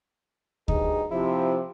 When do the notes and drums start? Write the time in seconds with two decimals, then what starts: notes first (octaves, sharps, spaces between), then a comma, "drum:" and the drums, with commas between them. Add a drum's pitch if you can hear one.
0.68 D2 G2 D#4 G#4, drum: kick D2
1.11 C3 F3 E4